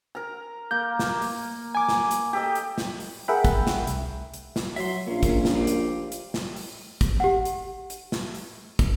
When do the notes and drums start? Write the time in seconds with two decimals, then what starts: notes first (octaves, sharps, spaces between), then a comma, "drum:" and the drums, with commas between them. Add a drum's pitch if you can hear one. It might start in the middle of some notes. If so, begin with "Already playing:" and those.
0.15 A#4 A#5
0.71 A#3 G6
0.99 drum: snare
1.22 drum: open hi-hat
1.75 G#5 D6
1.89 drum: snare
2.11 drum: hi-hat
2.33 G4 A4 D#5
2.55 drum: hi-hat
2.78 drum: snare
3.00 drum: open hi-hat
3.28 G#4 A#4 E5 F#5 G5 B5
3.44 drum: kick, hi-hat
3.67 drum: snare
3.87 C2, drum: hi-hat
4.34 drum: hi-hat
4.56 drum: snare
4.76 F#3 E5 C6, drum: open hi-hat
5.07 A#1 A#3 C#4 F4
5.23 drum: kick, hi-hat
5.45 drum: snare
5.55 F4 G4
5.67 drum: hi-hat
6.12 drum: hi-hat
6.34 drum: snare
6.56 drum: open hi-hat
7.01 drum: kick, hi-hat
7.20 G4 F#5
7.45 drum: hi-hat
7.90 drum: hi-hat
8.12 drum: snare
8.35 drum: open hi-hat
8.79 drum: kick, hi-hat